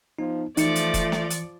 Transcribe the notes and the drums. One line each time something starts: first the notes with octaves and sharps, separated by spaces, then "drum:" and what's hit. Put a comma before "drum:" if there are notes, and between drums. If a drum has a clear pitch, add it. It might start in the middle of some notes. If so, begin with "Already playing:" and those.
F3 B3 D#4
E3 F3 A3 D#4 D5 C#7, drum: hi-hat
drum: hi-hat
drum: kick F1, hi-hat
drum: snare
drum: hi-hat